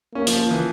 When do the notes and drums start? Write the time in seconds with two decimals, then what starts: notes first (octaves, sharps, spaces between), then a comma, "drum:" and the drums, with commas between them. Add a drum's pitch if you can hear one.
0.15 A#3 C#4
0.27 F3, drum: open hi-hat
0.39 F3
0.51 E3